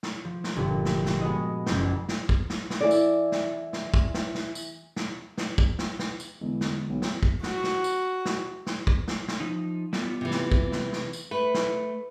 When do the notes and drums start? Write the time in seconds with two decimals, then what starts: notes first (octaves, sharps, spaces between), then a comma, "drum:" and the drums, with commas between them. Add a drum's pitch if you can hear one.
0.03 drum: snare
0.25 F3
0.44 drum: snare
0.56 G1 A#2
0.85 drum: snare
1.06 drum: snare
1.21 G#3 B3 F#4 D#5
1.66 F#1 C5, drum: snare
1.81 A#1
2.09 drum: snare
2.29 drum: kick
2.50 drum: snare
2.70 drum: snare
2.81 E3 A4 D5
2.91 drum: tambourine
3.32 drum: snare
3.73 drum: snare
3.94 drum: kick
4.14 drum: snare
4.35 drum: snare
4.55 drum: tambourine
4.96 drum: snare
5.38 drum: snare
5.58 drum: kick
5.79 drum: snare
5.99 drum: snare
6.20 drum: tambourine
6.41 E2 D3 G#3
6.61 drum: snare
6.89 B1
7.02 drum: snare
7.23 drum: kick
7.43 F#4, drum: snare
7.64 drum: snare
7.84 drum: tambourine
8.25 drum: snare
8.66 drum: snare
8.87 drum: kick
9.08 drum: snare
9.28 drum: snare
9.40 F3 D#4
9.93 G3 B3 F4, drum: snare
10.21 C3 E3
10.31 drum: snare
10.52 drum: kick
10.72 drum: snare
10.93 drum: snare
11.13 drum: tambourine
11.31 A3 B4
11.54 drum: snare